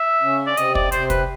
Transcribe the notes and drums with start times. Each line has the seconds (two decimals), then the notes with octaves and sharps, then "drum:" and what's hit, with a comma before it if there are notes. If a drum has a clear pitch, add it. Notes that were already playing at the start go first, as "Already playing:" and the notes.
Already playing: E5
0.22 C#3 C#4
0.47 D5
0.57 C3 C4 D#5, drum: hi-hat
0.75 D5, drum: kick
0.92 C3 C4 C5, drum: hi-hat
1.10 B4, drum: kick, hi-hat